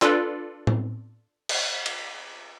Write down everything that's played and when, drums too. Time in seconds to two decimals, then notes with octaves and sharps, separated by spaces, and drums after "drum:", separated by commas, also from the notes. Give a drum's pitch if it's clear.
0.02 D4 F4 A4 B4 D5, drum: clap
0.67 drum: tom A2
1.49 drum: cymbal
1.86 drum: cymbal